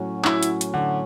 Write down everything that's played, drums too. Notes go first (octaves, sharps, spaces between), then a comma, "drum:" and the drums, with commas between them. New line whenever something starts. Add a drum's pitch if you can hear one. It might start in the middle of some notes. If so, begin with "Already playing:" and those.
Already playing: A2 F#3 C#4 F#4
E4, drum: clap
drum: hi-hat
drum: hi-hat
D3